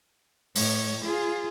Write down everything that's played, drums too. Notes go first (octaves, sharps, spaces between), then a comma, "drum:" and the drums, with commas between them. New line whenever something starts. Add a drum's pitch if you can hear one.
A2 C#5, drum: open hi-hat
F4 G#4